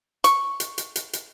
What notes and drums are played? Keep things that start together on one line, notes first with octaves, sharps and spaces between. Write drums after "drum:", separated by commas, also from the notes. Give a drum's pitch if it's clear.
C#6, drum: hi-hat
drum: hi-hat
drum: hi-hat
drum: hi-hat
drum: hi-hat